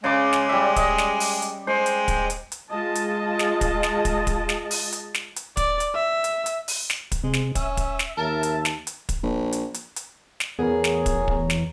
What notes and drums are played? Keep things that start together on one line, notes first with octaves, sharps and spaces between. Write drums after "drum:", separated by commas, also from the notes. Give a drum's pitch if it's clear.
C#3 G#3 C6 D6
drum: snare
G3 E5
D#5, drum: kick, hi-hat
drum: snare
drum: open hi-hat
drum: hi-hat
G#3 C5
drum: hi-hat
drum: kick, hi-hat
drum: hi-hat
drum: hi-hat
G#3 F4 D#5 A5
drum: hi-hat
drum: snare
drum: kick, hi-hat
drum: snare
drum: kick, hi-hat
drum: kick, hi-hat
drum: snare
drum: open hi-hat
drum: hi-hat
drum: snare
drum: hi-hat
D5, drum: kick, hi-hat
drum: hi-hat
E5
drum: hi-hat
drum: hi-hat
drum: open hi-hat
drum: snare
drum: kick, hi-hat
C3 G#3
drum: snare
C#4 E5, drum: kick, hi-hat
drum: kick, hi-hat
drum: snare
D#2 A#4 A5
drum: hi-hat
drum: snare
drum: hi-hat
drum: kick, hi-hat
A#1
drum: hi-hat
drum: hi-hat
drum: hi-hat
drum: snare
A1 E2 B3 G#4 A#4 C#5 A#5
drum: snare
drum: kick, hi-hat
drum: kick
drum: snare